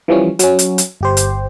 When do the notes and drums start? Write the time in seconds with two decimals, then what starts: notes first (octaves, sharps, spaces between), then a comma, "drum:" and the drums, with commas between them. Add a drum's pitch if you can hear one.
0.08 E3 F3 G3 C#4
0.39 F#3 C#4, drum: hi-hat
0.59 drum: hi-hat
0.78 drum: hi-hat
1.01 G1 G4 C5
1.17 drum: hi-hat